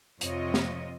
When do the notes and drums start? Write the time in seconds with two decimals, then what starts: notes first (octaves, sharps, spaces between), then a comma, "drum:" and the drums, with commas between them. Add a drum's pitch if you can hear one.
0.21 F2 C3 C4 F4 C#5 D#5, drum: hi-hat
0.54 drum: snare